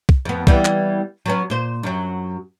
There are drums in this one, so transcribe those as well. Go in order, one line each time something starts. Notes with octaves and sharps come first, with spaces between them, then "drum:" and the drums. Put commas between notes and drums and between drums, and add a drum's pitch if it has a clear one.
drum: kick
F2 B3
E3 G3 B3, drum: kick
drum: clap
F#3 B3 C#4
A#2 C5
F#2 F#3